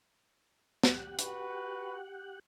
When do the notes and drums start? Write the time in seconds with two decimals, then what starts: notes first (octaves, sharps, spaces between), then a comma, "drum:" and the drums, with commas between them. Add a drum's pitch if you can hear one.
0.83 G4 F#5, drum: snare
1.19 F#4 B4, drum: hi-hat